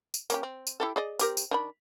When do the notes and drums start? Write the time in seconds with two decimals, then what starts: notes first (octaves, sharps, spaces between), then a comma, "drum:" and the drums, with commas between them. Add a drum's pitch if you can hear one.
0.14 drum: tambourine
0.30 A#3 C#4 G4, drum: tambourine
0.43 C4
0.67 drum: tambourine
0.80 E4 G4 A4
0.96 G#4 D5 D#5
1.19 C4 G4 A#4, drum: tambourine
1.37 drum: tambourine
1.51 D#3 D4 B5